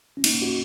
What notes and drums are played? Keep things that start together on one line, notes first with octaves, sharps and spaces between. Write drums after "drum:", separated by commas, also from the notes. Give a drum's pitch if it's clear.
C#4
A#3 D#4, drum: cymbal
C#4 F#4